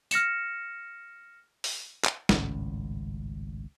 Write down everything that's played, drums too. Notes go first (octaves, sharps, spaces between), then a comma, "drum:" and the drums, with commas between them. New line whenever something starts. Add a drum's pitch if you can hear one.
F6 A#6 C#7 E7, drum: tambourine
drum: open hi-hat
drum: clap
G#1 C#2 A2 C#4, drum: snare